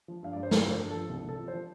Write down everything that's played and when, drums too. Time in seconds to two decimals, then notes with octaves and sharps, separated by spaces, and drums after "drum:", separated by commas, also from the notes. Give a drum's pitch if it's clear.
0.08 F3
0.23 G2 F5
0.33 G2 D5
0.43 C5
0.51 G2 A4, drum: snare
0.66 F3 C5
0.80 G2
0.90 F3 A4
1.09 C2
1.24 C2 A4
1.39 F3
1.48 C5
1.53 F3